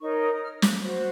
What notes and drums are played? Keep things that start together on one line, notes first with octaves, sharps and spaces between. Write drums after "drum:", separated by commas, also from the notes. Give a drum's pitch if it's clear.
D#4 A#4 C#5 C#6
D#6
D#6
F6
F#6, drum: snare
F#4 C5